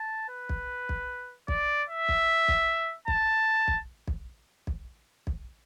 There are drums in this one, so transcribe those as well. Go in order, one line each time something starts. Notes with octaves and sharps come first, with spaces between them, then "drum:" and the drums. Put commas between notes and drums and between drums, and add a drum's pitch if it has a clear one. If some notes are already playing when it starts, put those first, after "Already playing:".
Already playing: A5
B4
drum: kick B1
drum: kick B1
D5, drum: kick B1
E5
drum: kick B1
drum: kick B1
A5, drum: kick B1
drum: kick B1
drum: kick B1
drum: kick B1
drum: kick B1